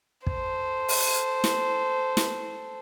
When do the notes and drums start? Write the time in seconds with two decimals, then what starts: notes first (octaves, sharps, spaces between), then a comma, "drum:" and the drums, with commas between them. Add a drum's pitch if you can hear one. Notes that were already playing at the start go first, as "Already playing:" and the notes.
0.27 A4 C5, drum: kick
0.89 drum: open hi-hat
1.44 drum: snare
2.17 drum: snare